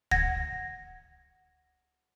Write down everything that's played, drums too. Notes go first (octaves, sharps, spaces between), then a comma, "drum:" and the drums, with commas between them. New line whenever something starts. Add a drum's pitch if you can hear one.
F#5 G#6 A#6, drum: kick